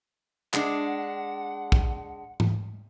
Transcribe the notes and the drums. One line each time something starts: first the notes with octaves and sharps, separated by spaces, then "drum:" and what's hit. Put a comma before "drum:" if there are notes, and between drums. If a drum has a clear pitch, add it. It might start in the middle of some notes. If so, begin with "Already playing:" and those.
G#3 D4 F#5, drum: clap
drum: kick
drum: tom G#2